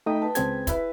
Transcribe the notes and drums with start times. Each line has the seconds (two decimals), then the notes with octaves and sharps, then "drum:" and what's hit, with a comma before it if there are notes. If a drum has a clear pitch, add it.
0.06 A3 D#4 G5 B5 D#6
0.22 B4 A5
0.35 C#2 C4 G#4 G#6, drum: hi-hat
0.67 E4 B4, drum: kick, hi-hat